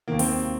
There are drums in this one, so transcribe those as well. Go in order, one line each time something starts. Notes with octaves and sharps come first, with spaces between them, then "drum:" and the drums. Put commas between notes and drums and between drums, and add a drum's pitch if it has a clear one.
D#2 D#3 A#3
C4, drum: open hi-hat